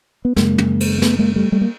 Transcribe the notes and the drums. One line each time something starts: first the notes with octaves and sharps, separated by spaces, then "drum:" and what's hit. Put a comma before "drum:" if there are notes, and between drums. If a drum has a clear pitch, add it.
B3
F#2 C#3 G#3 A#3, drum: snare
drum: tom
drum: cymbal
A#3
A3 B3, drum: snare
G#3 A#3
G3 A3
G3 A3
A#3